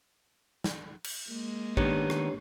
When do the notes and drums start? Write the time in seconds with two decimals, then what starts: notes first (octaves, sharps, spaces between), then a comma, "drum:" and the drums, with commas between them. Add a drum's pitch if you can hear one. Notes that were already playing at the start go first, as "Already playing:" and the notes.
0.64 drum: snare
1.04 drum: cymbal
1.28 G#3 A#3
1.77 D#3 B3 D4 G4 C#5, drum: kick A1
2.10 drum: rim click